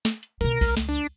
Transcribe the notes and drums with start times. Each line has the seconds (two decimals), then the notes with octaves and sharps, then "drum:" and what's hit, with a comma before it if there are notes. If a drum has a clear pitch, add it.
0.05 drum: snare
0.23 drum: hi-hat
0.41 B2 C4 A#4, drum: hi-hat
0.61 C#2, drum: kick A#1, open hi-hat
0.77 drum: snare
0.89 D4